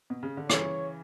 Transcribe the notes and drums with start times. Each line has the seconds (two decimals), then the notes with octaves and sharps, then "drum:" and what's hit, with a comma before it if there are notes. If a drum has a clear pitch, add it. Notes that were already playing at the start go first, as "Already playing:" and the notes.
0.10 B2
0.23 C#3
0.37 D3
0.50 C#3 E3 C#5, drum: rim click